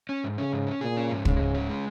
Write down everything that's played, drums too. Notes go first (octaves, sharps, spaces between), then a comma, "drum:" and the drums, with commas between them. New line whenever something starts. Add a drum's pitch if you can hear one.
C#4
G#2
C#3 C#4
G#2
C#4
A#2 G#4
C#4
G#2
C#3 G#3, drum: kick
G#2
C#4
G#3